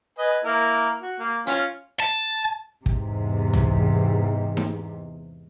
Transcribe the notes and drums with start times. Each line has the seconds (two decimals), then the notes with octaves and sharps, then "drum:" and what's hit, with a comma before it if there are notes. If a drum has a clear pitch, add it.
0.18 B4 D#5 G#5
0.44 A#3 E4 A#4
1.02 F#4
1.20 A#3
1.47 C#4 F4, drum: hi-hat
2.00 A5
2.86 E2 G#2 C3, drum: kick
3.53 drum: tom
4.57 drum: snare D#4